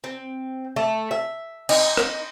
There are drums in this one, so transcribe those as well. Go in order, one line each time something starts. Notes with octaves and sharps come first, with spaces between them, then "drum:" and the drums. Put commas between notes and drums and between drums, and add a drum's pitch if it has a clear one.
C4
A3
E5
D#4, drum: cymbal
drum: rim click